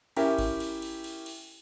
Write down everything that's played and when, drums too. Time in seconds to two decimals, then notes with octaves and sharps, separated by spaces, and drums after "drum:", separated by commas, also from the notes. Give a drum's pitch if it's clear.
0.17 C#4 E4 G4 A#4, drum: cymbal
0.38 drum: kick G#1, cymbal
0.60 drum: cymbal
0.82 drum: cymbal
1.04 drum: cymbal
1.26 drum: cymbal